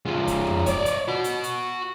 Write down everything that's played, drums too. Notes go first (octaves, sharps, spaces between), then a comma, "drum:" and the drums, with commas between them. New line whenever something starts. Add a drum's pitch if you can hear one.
F3 G#3
drum: kick, hi-hat
drum: tom F2
C#5 D5, drum: kick, hi-hat
drum: hi-hat
F#4 B5
drum: hi-hat
drum: hi-hat